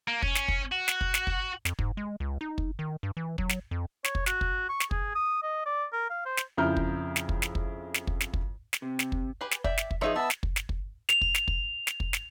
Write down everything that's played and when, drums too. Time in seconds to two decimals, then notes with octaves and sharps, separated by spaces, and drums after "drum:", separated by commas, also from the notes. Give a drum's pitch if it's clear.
0.08 A#3
0.23 C#4, drum: kick
0.35 drum: snare
0.48 drum: kick
0.72 F#4
0.88 drum: snare
1.01 drum: kick
1.14 drum: snare
1.27 drum: kick
1.65 F2, drum: snare
1.79 G#2, drum: kick
1.97 G#3
2.20 C#2
2.41 D#4
2.58 drum: kick
2.79 D#3
3.03 G2
3.17 E3
3.38 F#3, drum: kick
3.49 drum: snare
3.71 F2
4.04 C#5, drum: snare
4.15 drum: kick
4.26 F#4, drum: snare
4.41 drum: kick
4.69 C#6
4.80 drum: snare
4.91 G#4, drum: kick
5.15 D#6
5.43 D#5
5.66 D5
5.93 A#4
6.10 F5
6.26 C5
6.37 drum: snare
6.57 F2 C#3 E4 A#5 F6 G6
6.77 drum: kick
7.16 drum: snare
7.29 drum: kick
7.42 drum: snare
7.55 drum: kick
7.94 drum: snare
8.07 drum: kick
8.20 drum: snare
8.34 drum: kick
8.73 drum: snare
8.82 C3
8.99 drum: snare
9.12 drum: kick
9.41 G4 G#4 B4
9.51 drum: snare
9.64 D5 E5 G5, drum: kick
9.77 drum: snare
9.91 drum: kick
10.01 E3 F3 D#4 G#4 C#5 E5
10.16 B3 E4 E5 A5 B5 E6
10.30 drum: snare
10.43 drum: kick
10.56 drum: snare
10.69 drum: kick
11.09 F7, drum: snare
11.21 drum: kick
11.35 drum: snare
11.48 drum: kick
11.87 drum: snare
12.00 drum: kick
12.13 drum: snare